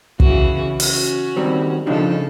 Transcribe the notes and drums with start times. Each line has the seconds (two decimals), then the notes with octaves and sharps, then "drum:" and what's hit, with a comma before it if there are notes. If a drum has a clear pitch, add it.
0.20 C#3 E3 F#4, drum: kick
0.80 C#4 F#4, drum: open hi-hat
1.36 D#3 G3 C4
1.87 C#3 F3 D4 D#4 A4